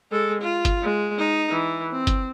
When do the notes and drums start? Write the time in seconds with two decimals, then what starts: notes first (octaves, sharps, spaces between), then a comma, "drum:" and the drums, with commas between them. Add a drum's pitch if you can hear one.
0.12 G#3 A4
0.41 F4
0.65 drum: kick, hi-hat
0.83 G#3
1.18 D#4
1.51 E3
1.92 C4
2.07 drum: kick, hi-hat